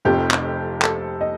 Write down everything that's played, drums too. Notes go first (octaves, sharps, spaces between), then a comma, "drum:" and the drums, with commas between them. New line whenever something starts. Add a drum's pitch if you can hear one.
F1 F2 C3 F3 G4
drum: clap
A4, drum: clap
D#5